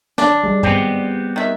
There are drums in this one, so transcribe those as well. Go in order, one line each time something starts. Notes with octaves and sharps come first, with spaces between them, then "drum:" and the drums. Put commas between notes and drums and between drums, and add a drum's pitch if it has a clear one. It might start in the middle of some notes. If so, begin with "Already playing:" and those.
D4, drum: snare
G3 G#3
B3 C4 G4, drum: tom
D#3 E5